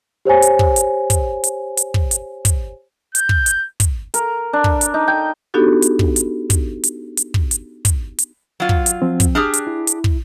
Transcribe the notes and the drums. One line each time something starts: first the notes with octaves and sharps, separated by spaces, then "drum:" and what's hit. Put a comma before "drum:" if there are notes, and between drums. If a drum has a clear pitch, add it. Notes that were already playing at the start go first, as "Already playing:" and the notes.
G4 C5 C#5 G#5
drum: hi-hat
drum: kick
drum: hi-hat
drum: kick, hi-hat
drum: hi-hat
drum: hi-hat
drum: kick
drum: hi-hat
drum: kick, hi-hat
G6, drum: hi-hat
drum: kick
drum: hi-hat
drum: kick, hi-hat
A#4, drum: hi-hat
D4
drum: kick
drum: hi-hat
D#4
G5
B3 D4 D#4 F#4 G4 A4
drum: hi-hat
drum: kick
drum: hi-hat
drum: kick, hi-hat
drum: hi-hat
drum: hi-hat
drum: kick
drum: hi-hat
drum: kick, hi-hat
drum: hi-hat
F#3 F4
drum: kick
drum: hi-hat
F3 C4
drum: kick, hi-hat
D4 G4 G#4 F6
drum: hi-hat
E4
drum: hi-hat
drum: kick